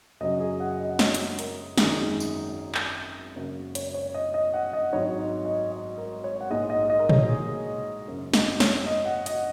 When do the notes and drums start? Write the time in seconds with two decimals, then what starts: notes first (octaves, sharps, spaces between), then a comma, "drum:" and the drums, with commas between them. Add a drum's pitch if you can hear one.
0.21 F#2 C#3 F#3 C#4 D#5
0.40 G#4
0.60 F#5
0.80 D#5
0.90 D#5
0.99 C#5, drum: snare
1.14 drum: hi-hat
1.39 A#4, drum: hi-hat
1.78 G#1 F#2 D#3 G#3 D#4 G#4, drum: snare
2.20 drum: tambourine
2.75 drum: clap
3.35 F#2 C#3 A#3 F#4
3.75 C#5, drum: hi-hat
3.94 C#5
4.14 D#5
4.34 D#5
4.54 F#5
4.73 D#5
4.93 G#1 G#2 F#3 D#4 C#5
5.19 D#5
5.45 D#5
5.72 D#5
5.98 A#4
6.24 C#5
6.41 F#5
6.50 A#1 G#2 G#3 D#4 D#5
6.70 D#5
6.90 D#5
6.99 A#4
7.09 C#5, drum: tom
7.29 G#4
8.07 F#2 C#3 A#3 A#4
8.34 D#5, drum: snare
8.60 C#5, drum: snare
8.86 D#5
9.05 F#5
9.26 D#5, drum: hi-hat